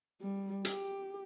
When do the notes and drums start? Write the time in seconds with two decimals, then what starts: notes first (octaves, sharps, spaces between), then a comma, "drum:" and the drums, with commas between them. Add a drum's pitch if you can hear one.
0.21 G3
0.65 G4, drum: hi-hat